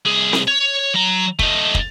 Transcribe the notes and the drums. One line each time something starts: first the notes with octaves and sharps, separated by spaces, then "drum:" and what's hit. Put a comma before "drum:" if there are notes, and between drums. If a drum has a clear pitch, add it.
C2 G#4
drum: snare C4
C#5
F#3 A#5
A3 D#4, drum: kick
drum: kick